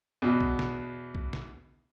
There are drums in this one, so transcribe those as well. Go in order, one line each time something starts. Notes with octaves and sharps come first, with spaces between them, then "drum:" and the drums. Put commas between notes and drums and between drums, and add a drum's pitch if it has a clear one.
E2 B2
drum: kick
drum: snare
drum: kick
drum: snare